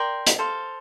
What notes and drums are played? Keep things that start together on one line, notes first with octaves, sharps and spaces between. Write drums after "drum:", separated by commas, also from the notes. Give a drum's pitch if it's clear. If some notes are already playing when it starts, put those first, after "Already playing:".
Already playing: A#4 D5 G5 C6
drum: hi-hat
A4 C5 F5